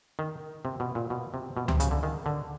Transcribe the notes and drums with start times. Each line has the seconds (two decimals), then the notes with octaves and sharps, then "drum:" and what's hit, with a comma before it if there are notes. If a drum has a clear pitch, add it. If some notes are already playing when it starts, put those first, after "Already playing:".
0.19 D#3
0.65 C3
0.80 B2
0.95 A#2
1.10 B2
1.34 C3
1.57 B2
1.68 C3, drum: tom C#2
1.80 C#3, drum: hi-hat
1.91 D3
2.03 D#3
2.26 D3